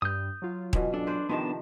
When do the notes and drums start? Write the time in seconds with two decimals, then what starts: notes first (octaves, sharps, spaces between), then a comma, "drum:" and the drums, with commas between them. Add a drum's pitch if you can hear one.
0.02 G2 D#6 G6
0.42 F#3 F4
0.73 B2 E3 C#4, drum: kick D#1
0.94 D4 A4
1.07 B4 C5 D5
1.29 C3 D#3 F3 B3 D4 A5